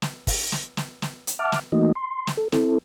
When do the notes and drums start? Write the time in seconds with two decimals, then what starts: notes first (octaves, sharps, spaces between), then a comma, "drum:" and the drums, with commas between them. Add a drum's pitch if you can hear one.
0.02 drum: snare
0.27 drum: kick, open hi-hat
0.52 drum: snare
0.77 drum: snare
1.02 drum: snare
1.27 drum: hi-hat
1.39 E5 F#5 A5 D6 F6
1.52 drum: snare
1.72 E3 A3 A#3 D#4 F#4 D#5
1.95 C6
2.27 drum: snare
2.37 A4
2.52 C4 E4 A4, drum: snare